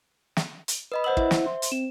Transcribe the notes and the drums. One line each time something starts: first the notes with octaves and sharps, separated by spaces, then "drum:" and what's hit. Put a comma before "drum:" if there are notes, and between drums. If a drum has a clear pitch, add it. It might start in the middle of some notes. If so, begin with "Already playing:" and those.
drum: snare
drum: hi-hat
B4 D#5 B5 D#6
C5 F#5 E6 F#7
E4 E5, drum: kick
drum: snare
C6
drum: hi-hat
C4 E7